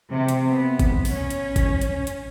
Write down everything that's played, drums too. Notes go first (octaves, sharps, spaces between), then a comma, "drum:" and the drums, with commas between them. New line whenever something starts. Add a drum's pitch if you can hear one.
C3
drum: hi-hat
B3
drum: kick G#1, hi-hat
C#4, drum: open hi-hat
drum: hi-hat
drum: kick G#1, hi-hat
drum: hi-hat
drum: hi-hat